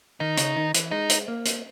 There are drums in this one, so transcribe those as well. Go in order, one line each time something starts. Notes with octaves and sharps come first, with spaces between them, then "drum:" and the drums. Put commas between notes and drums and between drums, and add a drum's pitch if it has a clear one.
D#3 D#4
C#3, drum: hi-hat
D#3
E3, drum: hi-hat
G#3 D#4
drum: hi-hat
A#3
drum: hi-hat